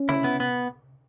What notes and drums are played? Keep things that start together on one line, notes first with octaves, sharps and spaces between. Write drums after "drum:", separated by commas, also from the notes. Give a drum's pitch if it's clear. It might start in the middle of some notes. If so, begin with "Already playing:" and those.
Already playing: C#4
E4, drum: tom C3
B3
B3